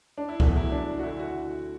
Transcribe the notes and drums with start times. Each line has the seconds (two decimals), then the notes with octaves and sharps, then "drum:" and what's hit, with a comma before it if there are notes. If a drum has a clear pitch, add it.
0.18 D4
0.29 E4
0.40 E2 B2 F#3 A3 F#4, drum: kick C2
0.56 E4
0.72 D4
0.99 F#4
1.03 D2 D3 A3 E4
1.19 F#4